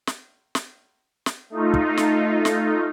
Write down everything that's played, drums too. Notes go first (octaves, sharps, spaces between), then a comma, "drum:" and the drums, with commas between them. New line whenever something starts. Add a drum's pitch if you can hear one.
drum: snare
drum: snare
drum: snare
A3 D#4 F4
drum: kick
drum: snare
drum: snare